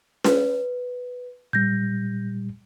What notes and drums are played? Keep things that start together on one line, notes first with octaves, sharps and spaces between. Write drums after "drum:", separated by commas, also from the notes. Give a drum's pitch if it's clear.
B4, drum: snare C#4
A#2 G3 G6 A#6